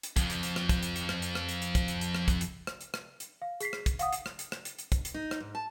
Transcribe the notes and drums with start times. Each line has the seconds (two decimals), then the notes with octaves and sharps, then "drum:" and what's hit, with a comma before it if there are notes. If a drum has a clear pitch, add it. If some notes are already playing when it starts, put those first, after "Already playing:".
0.03 drum: hi-hat
0.16 F2 F3, drum: kick, hi-hat
0.30 drum: hi-hat
0.43 drum: hi-hat
0.56 drum: rim click
0.69 drum: kick, hi-hat
0.83 drum: hi-hat
0.96 drum: hi-hat
1.09 drum: rim click
1.22 drum: hi-hat
1.35 drum: rim click
1.49 drum: hi-hat
1.62 drum: hi-hat
1.75 drum: kick, hi-hat
1.88 drum: hi-hat
2.01 drum: hi-hat
2.15 drum: rim click
2.28 drum: kick, hi-hat
2.41 drum: hi-hat
2.67 drum: rim click
2.81 drum: hi-hat
2.94 drum: rim click
3.20 drum: hi-hat
3.42 F5
3.60 G#4 B6 C7, drum: hi-hat
3.73 drum: rim click
3.86 drum: kick, hi-hat
3.99 F5 F#5 D#6, drum: hi-hat
4.13 drum: hi-hat
4.26 drum: rim click
4.39 drum: hi-hat
4.52 drum: rim click
4.65 drum: hi-hat
4.79 drum: hi-hat
4.92 drum: kick, hi-hat
5.05 drum: hi-hat
5.14 D#4
5.31 drum: rim click
5.40 G#2
5.55 A5